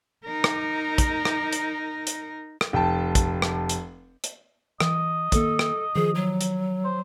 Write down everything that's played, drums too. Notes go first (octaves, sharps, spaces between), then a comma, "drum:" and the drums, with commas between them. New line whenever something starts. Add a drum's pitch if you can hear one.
D#4 A#4
drum: rim click
drum: kick, hi-hat
drum: rim click
drum: hi-hat
drum: hi-hat
drum: rim click
F1 G5 A5
drum: kick, hi-hat
drum: rim click
drum: hi-hat
drum: hi-hat
E3 D#5, drum: rim click
D#3 A#3 A4, drum: kick, hi-hat
drum: rim click
D#3 F3 G#4
F#3
drum: hi-hat
C5